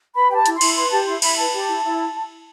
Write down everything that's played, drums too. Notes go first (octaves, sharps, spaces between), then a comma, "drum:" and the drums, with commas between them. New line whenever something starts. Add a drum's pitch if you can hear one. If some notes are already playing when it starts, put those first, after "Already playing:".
B4 B5
G4 G5
A5
E4, drum: hi-hat
C6
E4, drum: cymbal
B4 C6
G4 A5
E4 C6
E4 B5, drum: cymbal
B4 A5
G4
E4
E4